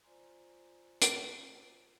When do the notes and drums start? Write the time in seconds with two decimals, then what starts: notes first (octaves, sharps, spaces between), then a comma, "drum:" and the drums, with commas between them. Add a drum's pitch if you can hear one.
0.03 F4 C5 D5 G#5 A#5 C6
1.01 drum: hi-hat